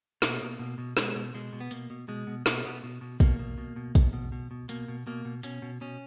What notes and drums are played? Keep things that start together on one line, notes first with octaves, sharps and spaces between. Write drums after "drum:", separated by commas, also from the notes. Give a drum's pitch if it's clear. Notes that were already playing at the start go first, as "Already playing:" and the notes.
B2 A#3, drum: snare
B2
B2
B2
B2 G#3, drum: snare
B2
B2 G#3
B2
B3
B2 A#3, drum: hi-hat
B2
B2 G#3
B2
B2 A#3, drum: snare
B2 B3
B2
B2
B2 A#3, drum: kick, hi-hat
B2
B2
B2
B2, drum: kick, hi-hat
B2
B2
B2
B2 A#3, drum: hi-hat
B2
B2 A#3
B2
B2 C#4, drum: hi-hat
B2
B2 C#4